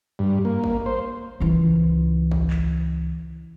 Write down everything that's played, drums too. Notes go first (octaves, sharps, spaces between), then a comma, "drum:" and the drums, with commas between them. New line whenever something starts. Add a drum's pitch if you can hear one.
G2
A#3
drum: kick G#1
C5
C#2 E3
drum: kick G#1
drum: clap